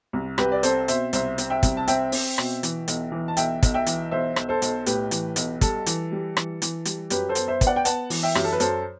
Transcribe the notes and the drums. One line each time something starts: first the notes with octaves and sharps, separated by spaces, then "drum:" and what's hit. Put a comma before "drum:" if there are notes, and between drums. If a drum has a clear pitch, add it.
C2
C2 G4 B4, drum: rim click
D5
C4 A4 C5, drum: hi-hat
B2 C5 E5, drum: hi-hat
C2 C5 E5, drum: hi-hat
C4, drum: hi-hat
E5 G5
C2, drum: kick, hi-hat
A5
C4 E5 G5, drum: hi-hat
C4, drum: open hi-hat
B2, drum: rim click
E3, drum: hi-hat
B1, drum: hi-hat
E3
A5
B1 E5 G5, drum: hi-hat
B1, drum: kick, hi-hat
E5 G5
E3, drum: hi-hat
B1 C5 E5
B1, drum: rim click
A4 C5
B1, drum: hi-hat
A2 G4 B4, drum: hi-hat
E3, drum: hi-hat
B1, drum: hi-hat
G3 A4, drum: kick, hi-hat
E3, drum: hi-hat
G3
E3, drum: rim click
E3, drum: hi-hat
G3, drum: hi-hat
F#2 G4 B4, drum: hi-hat
A4 C5
B3, drum: hi-hat
C5 E5
B3, drum: kick, hi-hat
D5 F#5
G5
B3 F#5 A5, drum: hi-hat
E3, drum: open hi-hat
E5 G5
F#2 G4, drum: rim click
A4
B4
F#2 A4 C5, drum: hi-hat